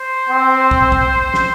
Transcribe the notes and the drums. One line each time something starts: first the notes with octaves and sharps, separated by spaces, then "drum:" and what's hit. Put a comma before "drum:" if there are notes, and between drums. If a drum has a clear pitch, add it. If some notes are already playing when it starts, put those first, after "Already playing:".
Already playing: C5
C4
drum: kick
drum: kick
drum: snare